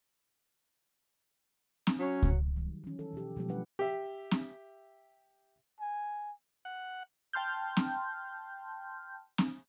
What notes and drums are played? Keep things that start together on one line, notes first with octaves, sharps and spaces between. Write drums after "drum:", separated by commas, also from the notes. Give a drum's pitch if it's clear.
drum: snare C4
F#3 C#4
drum: kick C#2
D#3 F#3 G3
E3 C#4
A4
B2 F3 C#4 G4
B2 F3 G3 G#3 B3 G4
F#3 G3 A3 D4 B4 F#5
G4 E5
drum: snare C4
G#5
F#5
G5 A5 C6 F6 G6
drum: snare C4
drum: snare C4